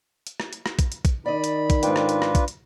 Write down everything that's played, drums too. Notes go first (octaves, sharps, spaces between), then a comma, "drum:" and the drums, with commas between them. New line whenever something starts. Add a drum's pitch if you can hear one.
drum: hi-hat
drum: rim click
drum: hi-hat
drum: rim click
drum: kick, hi-hat
drum: hi-hat
drum: kick, hi-hat
D#3 D5 D#5 B5
drum: hi-hat
drum: kick, hi-hat
G#2 D4 F4 B4 G5, drum: hi-hat
drum: rim click
drum: hi-hat
drum: rim click
drum: kick, hi-hat
drum: hi-hat